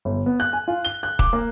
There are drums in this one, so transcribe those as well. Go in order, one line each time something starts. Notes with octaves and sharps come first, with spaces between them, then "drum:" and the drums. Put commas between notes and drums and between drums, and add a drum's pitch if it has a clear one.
G1
B3
F#6
G#5
F4
G7
F#6
D6, drum: kick D#1
A#3